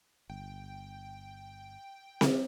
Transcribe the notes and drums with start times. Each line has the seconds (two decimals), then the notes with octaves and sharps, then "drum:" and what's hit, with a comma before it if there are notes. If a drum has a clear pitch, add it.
0.30 G1 G5
2.21 drum: snare C4